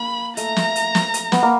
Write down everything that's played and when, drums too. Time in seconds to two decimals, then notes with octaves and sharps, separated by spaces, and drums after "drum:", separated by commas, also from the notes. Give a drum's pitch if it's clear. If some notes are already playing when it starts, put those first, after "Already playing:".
Already playing: A#3 B5
0.37 A3 A#5, drum: hi-hat
0.56 drum: snare
0.76 drum: hi-hat
0.95 drum: snare
1.14 drum: hi-hat
1.32 B3, drum: snare
1.43 A#3